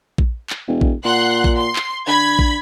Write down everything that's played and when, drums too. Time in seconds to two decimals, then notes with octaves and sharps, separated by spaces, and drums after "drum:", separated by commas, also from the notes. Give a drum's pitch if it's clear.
0.18 drum: kick A#1
0.50 drum: clap
0.67 E1
0.81 drum: kick A#1
1.05 A#2 F#5 C6 F#6
1.44 drum: kick A#1
1.56 C6
1.76 drum: clap
2.07 D3 B5 G#6 B6
2.39 drum: kick A#1